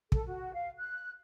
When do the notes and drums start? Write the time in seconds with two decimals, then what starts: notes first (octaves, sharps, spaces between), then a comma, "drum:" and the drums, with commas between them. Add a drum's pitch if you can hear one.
0.12 A4, drum: kick
0.27 F#4
0.53 F5
0.78 F#6